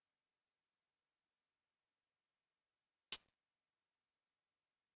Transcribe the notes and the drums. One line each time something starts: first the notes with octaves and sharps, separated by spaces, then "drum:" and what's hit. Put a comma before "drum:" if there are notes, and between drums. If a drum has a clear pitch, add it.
C#3 A5
B3 C#4 D4 A#4 D5
A3 E4 F4 G#4 B4 D#5
B4
A#2 C#3 A3
G#4 A#4
C4 D#4 E4 F#4 G4 A4
drum: hi-hat